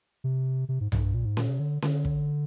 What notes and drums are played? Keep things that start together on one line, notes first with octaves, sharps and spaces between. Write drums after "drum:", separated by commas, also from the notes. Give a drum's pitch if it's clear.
C3
C3
G#2
G#2, drum: tom B1
G2
A#2
G#2
A#2, drum: snare C#4
C3
D3
D3, drum: snare C#4
drum: kick